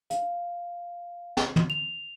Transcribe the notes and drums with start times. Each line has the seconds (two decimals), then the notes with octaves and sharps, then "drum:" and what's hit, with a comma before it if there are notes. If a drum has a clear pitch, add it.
0.10 F5, drum: hi-hat
1.37 drum: snare
1.56 drum: tom
1.70 F7